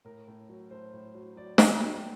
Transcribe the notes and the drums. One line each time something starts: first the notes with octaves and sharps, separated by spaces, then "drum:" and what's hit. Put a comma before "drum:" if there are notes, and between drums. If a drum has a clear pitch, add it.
A2 A#4
A2
F#3
A2 C5
A2
F#3
F#3 D5
F#3 F#5, drum: snare
F#3 G5
G5